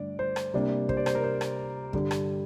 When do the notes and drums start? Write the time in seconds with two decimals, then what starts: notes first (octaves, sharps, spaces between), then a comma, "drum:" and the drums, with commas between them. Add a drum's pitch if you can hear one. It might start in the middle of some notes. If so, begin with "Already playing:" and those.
Already playing: G2 D3 A3 D4 D5
0.19 C5
0.36 drum: rim click
0.54 C3 G3 A#3 D4
0.89 C5, drum: kick
0.97 D5
1.06 C5, drum: rim click
1.15 A#4
1.24 C5
1.41 drum: rim click
1.93 G2 D3 G3, drum: kick
2.11 drum: rim click